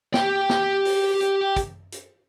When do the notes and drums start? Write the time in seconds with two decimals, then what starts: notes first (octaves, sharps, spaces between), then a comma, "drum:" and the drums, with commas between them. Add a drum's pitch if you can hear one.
0.14 G4 G5, drum: snare
0.49 drum: snare
0.85 drum: open hi-hat
1.21 drum: hi-hat
1.56 drum: kick, hi-hat
1.92 drum: hi-hat